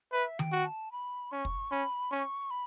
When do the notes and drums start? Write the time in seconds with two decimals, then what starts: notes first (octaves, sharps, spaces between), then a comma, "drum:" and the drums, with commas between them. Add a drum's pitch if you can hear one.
0.12 B4 E5
0.39 G5, drum: tom D#3
0.52 F#4
0.66 A5
0.92 B5
1.31 C#4 C#6
1.45 drum: kick
1.71 C#4 B5
2.11 C#4 C#6
2.51 B5